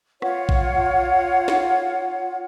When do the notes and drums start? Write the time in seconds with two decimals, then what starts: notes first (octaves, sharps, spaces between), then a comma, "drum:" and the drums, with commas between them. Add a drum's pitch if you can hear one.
0.22 F4 C#5 F#5, drum: rim click
0.49 drum: kick A#1
1.48 drum: snare